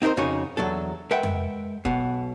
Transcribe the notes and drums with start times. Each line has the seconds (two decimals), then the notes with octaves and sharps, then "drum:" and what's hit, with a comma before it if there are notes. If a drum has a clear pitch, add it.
0.02 C4 D#4 E4 A#4 C5
0.17 F2 C#3 D#4 F#4 C#5
0.57 E2 F#3 D4 A4
1.11 G#3 A#4 B4 E5 F#5 G5
1.23 drum: tom F2
1.85 B1 B2, drum: kick F#1